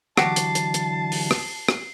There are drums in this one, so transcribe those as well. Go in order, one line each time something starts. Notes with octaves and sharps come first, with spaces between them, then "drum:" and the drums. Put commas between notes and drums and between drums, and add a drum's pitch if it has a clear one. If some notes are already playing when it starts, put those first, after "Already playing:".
D3 E3 F#3 F#4 G4 A5 C7, drum: rim click
drum: hi-hat
drum: hi-hat
drum: hi-hat
drum: open hi-hat
drum: rim click
drum: rim click